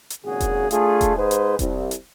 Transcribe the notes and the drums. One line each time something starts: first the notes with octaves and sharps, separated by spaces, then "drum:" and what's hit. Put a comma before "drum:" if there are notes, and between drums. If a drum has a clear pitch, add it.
drum: hi-hat
G#1 A#2 C#3 F#4 G#4
drum: kick E1, hi-hat
A3 D4 F4 G#4, drum: hi-hat
drum: kick E1, hi-hat
G#2 G#4 B4 C5
drum: hi-hat
C2, drum: kick E1, hi-hat
drum: hi-hat